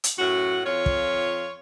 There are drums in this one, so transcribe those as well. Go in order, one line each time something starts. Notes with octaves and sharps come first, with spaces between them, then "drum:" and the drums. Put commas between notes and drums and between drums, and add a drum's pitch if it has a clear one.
drum: hi-hat
F#2 A2 F#4
F2 F4 C#5
drum: kick